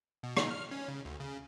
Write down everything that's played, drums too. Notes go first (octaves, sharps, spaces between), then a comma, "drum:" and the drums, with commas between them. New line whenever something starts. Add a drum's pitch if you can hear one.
B2
D#4, drum: rim click
F6
C#4
C#3
D2
C#3